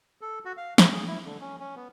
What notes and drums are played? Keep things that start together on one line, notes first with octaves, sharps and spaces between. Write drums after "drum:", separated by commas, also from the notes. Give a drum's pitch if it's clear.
A4
F#4
F5
C3, drum: snare
G#4
E4
D3
C#4
C#4
B3